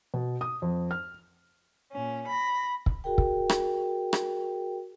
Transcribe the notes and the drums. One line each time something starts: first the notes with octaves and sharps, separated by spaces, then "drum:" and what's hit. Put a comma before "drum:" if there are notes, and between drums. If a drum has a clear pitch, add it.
B2
D#6
F2
F6
A#2 C#4
B5 A#6
drum: kick
F#4 G#4 A#4 G5
drum: kick
drum: rim click
drum: rim click